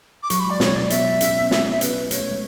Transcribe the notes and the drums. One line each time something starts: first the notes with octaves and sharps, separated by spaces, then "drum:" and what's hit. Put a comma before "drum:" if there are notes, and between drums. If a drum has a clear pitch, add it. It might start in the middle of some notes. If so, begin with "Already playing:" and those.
D6
F#3 C#6, drum: hi-hat
B5
G#3
D5
B2 C#5, drum: snare
F#3 D5
B3 E5, drum: hi-hat
C#4, drum: hi-hat
C#4
B3
E5, drum: snare
E5
B4, drum: hi-hat
A3 C#5, drum: hi-hat
A3
G#3